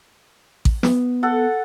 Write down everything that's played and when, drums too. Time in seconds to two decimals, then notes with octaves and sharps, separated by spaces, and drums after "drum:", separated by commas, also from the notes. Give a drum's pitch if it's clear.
0.65 drum: kick A1
0.83 B3, drum: snare
1.23 A4 F#5